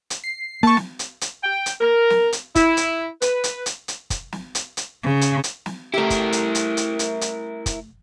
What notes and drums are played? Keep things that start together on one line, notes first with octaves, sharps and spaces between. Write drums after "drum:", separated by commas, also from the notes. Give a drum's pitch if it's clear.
drum: hi-hat
C7
A#3 A5 C#6
drum: snare
drum: hi-hat
drum: hi-hat
G5
drum: hi-hat
A#4
drum: snare
drum: hi-hat
E4, drum: kick, hi-hat
drum: hi-hat
B4, drum: hi-hat
drum: hi-hat
drum: hi-hat
drum: hi-hat
drum: kick, hi-hat
drum: snare
drum: hi-hat
drum: hi-hat
C#3
drum: hi-hat
drum: hi-hat
drum: snare
A3 E4 G4 A#4
drum: kick, hi-hat
drum: hi-hat
drum: hi-hat
drum: hi-hat
drum: hi-hat
drum: hi-hat
drum: kick, hi-hat